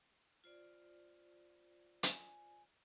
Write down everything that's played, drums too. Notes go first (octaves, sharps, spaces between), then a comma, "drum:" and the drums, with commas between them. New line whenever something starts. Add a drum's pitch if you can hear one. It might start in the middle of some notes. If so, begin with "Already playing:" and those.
F4 C5 D5
G#5, drum: hi-hat